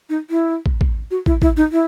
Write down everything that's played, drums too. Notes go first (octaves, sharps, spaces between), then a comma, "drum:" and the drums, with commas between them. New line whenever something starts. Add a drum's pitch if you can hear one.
D#4
E4
drum: kick
drum: kick
F#4
E4, drum: kick
E4, drum: kick
D#4
E4